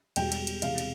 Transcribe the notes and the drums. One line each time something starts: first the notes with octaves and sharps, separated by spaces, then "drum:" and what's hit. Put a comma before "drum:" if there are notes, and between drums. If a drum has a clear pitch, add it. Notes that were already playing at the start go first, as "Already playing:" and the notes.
E1 E2 B2 G3 G5, drum: cymbal
drum: cymbal
drum: cymbal
E1 E2 C3 F5, drum: cymbal
drum: cymbal